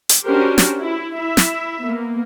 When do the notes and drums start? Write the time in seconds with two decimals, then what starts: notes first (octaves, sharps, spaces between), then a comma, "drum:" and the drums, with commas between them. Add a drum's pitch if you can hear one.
0.09 drum: hi-hat
0.25 C#4 D4 F#4 G4 A#4 C5
0.58 drum: snare
0.80 E4
1.15 E4 E5
1.37 drum: snare
1.84 A#3 B3